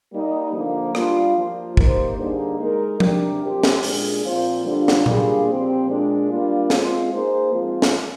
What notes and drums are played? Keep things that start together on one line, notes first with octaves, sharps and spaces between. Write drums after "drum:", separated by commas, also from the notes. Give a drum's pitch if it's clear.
G3 A#3 D#4
D3 F3 A#3
G3 D4 F4, drum: rim click
F3 A#3 F4
A#3 D#4 G4 C5, drum: kick
D3 G3 A#3 D#4 G#4
G#3 D#4 A#4
C3 G3 D4 G4 A#4, drum: tom F3
F3 C4 G4 C5
drum: snare
A#2 G#3 D4 G#4, drum: open hi-hat
A#2 F3 C4 F4 C5
D3 G3 D4 F4
drum: snare
G3 A#3 D4 F4 G#4, drum: tom A#2
A#2 F3 C4 G4
A#2 G#3 D4
G3 A#3 D4 F4
G#3 C4 F4 C5, drum: snare
A#3 D#4 G#4 C5
F3 G#3 C4 F4
drum: snare